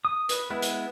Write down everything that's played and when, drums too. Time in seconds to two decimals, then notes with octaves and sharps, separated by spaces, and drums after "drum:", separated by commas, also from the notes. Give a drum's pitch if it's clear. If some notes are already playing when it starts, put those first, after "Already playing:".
0.05 D#6
0.29 B4, drum: hi-hat
0.50 G#3 B3 E4
0.62 drum: hi-hat